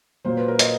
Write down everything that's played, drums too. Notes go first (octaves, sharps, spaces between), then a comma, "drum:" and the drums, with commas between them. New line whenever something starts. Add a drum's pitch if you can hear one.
A#2 F#3 A#3 C5
B4
A#4
D#5, drum: hi-hat